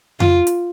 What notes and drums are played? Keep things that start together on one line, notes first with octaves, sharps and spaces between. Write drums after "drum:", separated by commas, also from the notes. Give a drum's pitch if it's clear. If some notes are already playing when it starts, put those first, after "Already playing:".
F4, drum: tom F2
drum: hi-hat